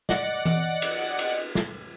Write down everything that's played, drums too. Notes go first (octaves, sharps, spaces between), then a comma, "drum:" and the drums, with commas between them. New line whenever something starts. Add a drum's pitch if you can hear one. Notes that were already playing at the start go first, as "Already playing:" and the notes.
D5 D#5 F#5, drum: snare
drum: tom E3
drum: cymbal
drum: cymbal
drum: snare